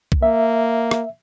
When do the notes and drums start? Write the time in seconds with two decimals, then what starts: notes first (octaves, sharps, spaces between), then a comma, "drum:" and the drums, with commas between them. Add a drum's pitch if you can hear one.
0.12 drum: kick B1
0.23 A#3 E5
0.91 drum: rim click